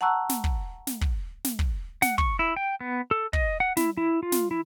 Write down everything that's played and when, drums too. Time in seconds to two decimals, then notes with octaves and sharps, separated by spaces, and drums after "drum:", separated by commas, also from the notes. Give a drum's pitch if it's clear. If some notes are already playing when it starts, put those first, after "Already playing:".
0.01 F#5 A5 A#5 C#6 E6 F#6
0.29 drum: snare
0.44 drum: kick
0.87 drum: snare
1.01 drum: kick
1.44 drum: snare
1.59 drum: kick
2.02 F#5, drum: snare
2.18 C#6, drum: kick
2.39 E4
2.56 G5
2.81 B3
3.11 A4
3.33 D#5, drum: kick
3.60 F#5
3.77 E4, drum: snare
3.97 E4
4.23 F4
4.32 drum: snare
4.51 E4